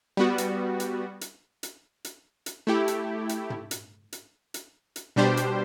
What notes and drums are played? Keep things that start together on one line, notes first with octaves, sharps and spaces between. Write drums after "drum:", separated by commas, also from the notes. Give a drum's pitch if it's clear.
G3 B3 F#4
drum: hi-hat
drum: hi-hat
drum: hi-hat
drum: hi-hat
drum: hi-hat
drum: hi-hat
A3 E4 G4
drum: hi-hat
drum: hi-hat
drum: tom
drum: hi-hat
drum: hi-hat
drum: hi-hat
drum: hi-hat
B2 G3 D4 G4 C5
drum: hi-hat